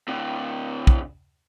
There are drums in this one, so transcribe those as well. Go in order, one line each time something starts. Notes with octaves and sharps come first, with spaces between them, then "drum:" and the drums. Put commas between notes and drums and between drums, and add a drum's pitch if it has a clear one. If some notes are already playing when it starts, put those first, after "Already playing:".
A2 D3
drum: kick